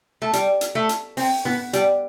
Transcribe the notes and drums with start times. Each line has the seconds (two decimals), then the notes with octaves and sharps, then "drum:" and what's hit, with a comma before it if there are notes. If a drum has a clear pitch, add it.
0.22 A3
0.33 G3, drum: hi-hat
0.61 drum: hi-hat
0.75 A3
0.89 drum: hi-hat
1.17 C4, drum: open hi-hat
1.45 B3, drum: tom
1.73 G3, drum: hi-hat